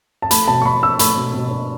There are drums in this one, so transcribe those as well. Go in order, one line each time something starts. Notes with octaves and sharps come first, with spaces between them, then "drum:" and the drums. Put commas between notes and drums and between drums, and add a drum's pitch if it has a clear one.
A5
A3 B5, drum: hi-hat
B2 A5
C#6
B2 B5
D4 E6
A3 B5, drum: hi-hat
B2
B2
D4